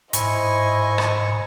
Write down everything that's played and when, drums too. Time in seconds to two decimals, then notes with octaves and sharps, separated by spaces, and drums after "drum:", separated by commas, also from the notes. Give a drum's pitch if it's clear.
0.13 G#2 E4 C5 D#5 G#5 C#6, drum: hi-hat
0.98 drum: rim click